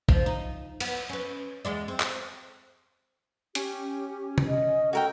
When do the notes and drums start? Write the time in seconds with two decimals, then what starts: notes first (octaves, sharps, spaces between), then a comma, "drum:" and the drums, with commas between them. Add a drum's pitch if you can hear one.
0.09 F3, drum: kick
0.26 D#4
0.80 B3, drum: cymbal
1.09 C#4 B4
1.65 E2 G#3 D5
1.88 C4
2.00 drum: clap
3.55 C#4 G4, drum: hi-hat
4.38 drum: tom C3
4.48 D#5
4.93 F#4 A4 A#4 G5